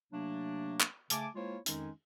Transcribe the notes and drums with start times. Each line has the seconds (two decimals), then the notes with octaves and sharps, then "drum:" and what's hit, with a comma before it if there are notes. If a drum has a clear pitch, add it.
0.12 C3 F#3 A3 A#3 D4
0.80 drum: clap
1.10 C#3 A3 G#5 A5 D6, drum: hi-hat
1.35 G#3 A#3 E4 F4 C5 C#5
1.66 F2 D#3 G#3 C#4 D#4, drum: hi-hat